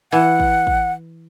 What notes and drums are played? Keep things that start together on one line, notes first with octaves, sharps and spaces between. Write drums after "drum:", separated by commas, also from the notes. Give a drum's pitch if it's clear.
E3 F#5
drum: kick
drum: kick